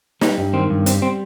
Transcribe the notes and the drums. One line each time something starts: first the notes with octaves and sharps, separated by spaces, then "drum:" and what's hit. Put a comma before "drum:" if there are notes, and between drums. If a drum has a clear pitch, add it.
G3 D#4, drum: snare
G2
D#3 C4
G2
G3 C4, drum: hi-hat
C4